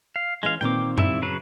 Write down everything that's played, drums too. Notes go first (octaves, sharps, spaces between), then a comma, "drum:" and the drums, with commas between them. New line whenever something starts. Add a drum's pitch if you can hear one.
F5
E3 G#3 C#4 F5
A#2 D#3 C4 G5 D6
G3 E4 E5, drum: tom F#2
C#3 F#3 B4